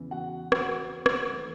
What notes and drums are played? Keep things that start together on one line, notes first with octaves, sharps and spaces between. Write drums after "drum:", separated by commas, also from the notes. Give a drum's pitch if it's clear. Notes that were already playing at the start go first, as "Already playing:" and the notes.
Already playing: E2 C#3 E3
F#4 F#5
F#4 F#5, drum: rim click
drum: rim click
E3 A3